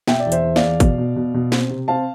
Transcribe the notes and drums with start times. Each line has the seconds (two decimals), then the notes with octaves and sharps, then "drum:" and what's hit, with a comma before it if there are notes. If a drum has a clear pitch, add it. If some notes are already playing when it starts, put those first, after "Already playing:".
0.07 B2 E5 G5, drum: snare
0.20 D5
0.26 E2
0.32 C5 E5, drum: hi-hat
0.44 E2
0.56 D5 F5, drum: snare
0.62 E2
0.80 B2, drum: kick, hi-hat
0.98 B2
1.16 B2
1.34 B2
1.52 C4, drum: snare
1.70 C3
1.88 C4 F5 A5